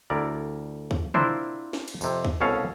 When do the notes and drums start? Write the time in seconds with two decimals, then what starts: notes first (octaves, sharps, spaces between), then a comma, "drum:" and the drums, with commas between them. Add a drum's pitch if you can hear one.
0.10 D2 E4 A#4 D5
0.91 drum: kick
1.14 C4 D4 E4 F4 A#4 C5, drum: tom
1.73 drum: snare
1.88 drum: cymbal
2.01 F2 C3, drum: tambourine
2.25 drum: kick
2.40 C2 B2 C#4 A4 C#5 F5